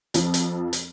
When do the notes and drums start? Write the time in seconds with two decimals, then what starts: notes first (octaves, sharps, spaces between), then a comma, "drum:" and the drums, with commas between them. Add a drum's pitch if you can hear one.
0.14 F2 F3 C4, drum: hi-hat
0.34 drum: hi-hat
0.73 drum: hi-hat